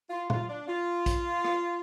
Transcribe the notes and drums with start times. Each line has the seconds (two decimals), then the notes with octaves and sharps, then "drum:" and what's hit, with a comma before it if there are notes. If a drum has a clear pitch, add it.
0.10 F4
0.30 F4, drum: tom A#2
0.49 D4
0.67 F4
1.06 drum: kick A#1, hi-hat
1.44 drum: rim click